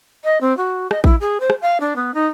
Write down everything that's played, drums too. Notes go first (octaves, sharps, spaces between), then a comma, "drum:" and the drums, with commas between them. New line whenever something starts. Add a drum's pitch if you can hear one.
D#5
C4
F#4
D#5, drum: rim click
E4, drum: kick
G#4
C5
drum: rim click
F5
D4
B3
D#4